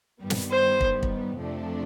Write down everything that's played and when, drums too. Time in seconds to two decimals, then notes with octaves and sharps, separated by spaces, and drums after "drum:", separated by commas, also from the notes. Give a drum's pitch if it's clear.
0.20 G2 D#3 G3 B3
0.30 drum: snare
0.51 C5
0.81 drum: kick
1.03 drum: kick
1.39 F2 C3 F3 A3 D4